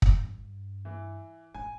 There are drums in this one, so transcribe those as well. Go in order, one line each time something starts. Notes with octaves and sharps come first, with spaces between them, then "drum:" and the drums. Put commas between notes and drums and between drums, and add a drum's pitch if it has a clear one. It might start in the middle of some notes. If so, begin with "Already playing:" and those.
drum: kick
G2
E3
A1 A2 G#5